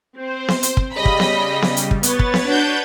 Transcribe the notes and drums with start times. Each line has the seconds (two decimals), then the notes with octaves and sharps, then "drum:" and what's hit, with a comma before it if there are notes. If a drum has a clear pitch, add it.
0.16 C4 C5
0.48 drum: snare B3
0.63 drum: hi-hat
0.77 drum: kick
0.94 C#3 G3 D#5 B5
1.05 drum: kick
1.20 drum: snare B3
1.62 drum: snare B3
1.77 drum: hi-hat
1.91 drum: kick
2.03 B3 B4 C#5 A6, drum: hi-hat
2.19 drum: kick
2.34 drum: snare B3
2.48 D4 F#4 G6